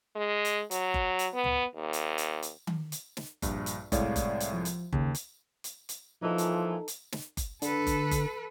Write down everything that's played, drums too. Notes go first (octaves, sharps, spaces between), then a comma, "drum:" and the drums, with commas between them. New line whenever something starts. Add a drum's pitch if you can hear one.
G#3
drum: hi-hat
F#3, drum: hi-hat
drum: kick F#1
drum: hi-hat
B3
drum: tom C#2
D#2
drum: hi-hat
drum: hi-hat
drum: hi-hat
drum: tom D#3
drum: hi-hat
drum: snare
A#1 G2, drum: kick F#1, hi-hat
drum: hi-hat
C2 A2 G#3 C#5 D5 F5, drum: kick F#1, hi-hat
drum: kick F#1, hi-hat
drum: hi-hat
F3
drum: hi-hat
D#2 C#3, drum: kick F#1
drum: hi-hat
drum: hi-hat
drum: hi-hat
A#2 E3 F3 D#4 A4
drum: hi-hat
drum: hi-hat
drum: snare
drum: kick F#1, hi-hat
D3 A4 B4, drum: hi-hat
drum: kick F#1, hi-hat
drum: kick F#1, hi-hat